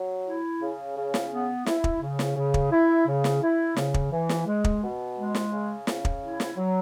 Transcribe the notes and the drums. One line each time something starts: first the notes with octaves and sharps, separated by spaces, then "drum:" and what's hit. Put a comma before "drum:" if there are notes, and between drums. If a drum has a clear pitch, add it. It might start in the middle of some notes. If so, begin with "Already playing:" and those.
Already playing: F#3
E4
C#3
C#3
drum: snare
B3
E4, drum: snare
drum: kick
C#3
drum: snare
C#3
drum: kick
E4
C#3
drum: snare
E4
C#3, drum: snare
drum: kick
E3
drum: snare
G#3
drum: kick
B2
G#3
drum: snare
C#3
C#3, drum: snare
drum: kick
E4
drum: snare
F#3